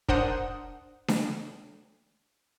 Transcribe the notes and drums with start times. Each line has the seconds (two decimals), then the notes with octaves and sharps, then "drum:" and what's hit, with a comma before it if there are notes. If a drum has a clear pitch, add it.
0.09 D4 A#4 C5 F#5 D#6, drum: kick
1.08 drum: snare D4